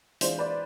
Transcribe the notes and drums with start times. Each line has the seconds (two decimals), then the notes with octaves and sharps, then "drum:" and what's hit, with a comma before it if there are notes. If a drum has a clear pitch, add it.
0.21 E3 G#3 D4 F4 C5, drum: hi-hat
0.39 B4 D5